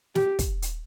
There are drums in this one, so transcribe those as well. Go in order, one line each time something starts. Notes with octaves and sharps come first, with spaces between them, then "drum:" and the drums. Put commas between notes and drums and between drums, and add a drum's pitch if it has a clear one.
G4, drum: snare
drum: kick, hi-hat
drum: hi-hat